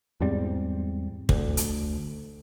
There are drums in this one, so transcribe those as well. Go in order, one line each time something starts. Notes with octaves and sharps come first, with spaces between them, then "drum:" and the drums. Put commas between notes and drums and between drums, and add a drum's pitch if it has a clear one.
E2 G#2 G3 C4
D2, drum: kick
drum: hi-hat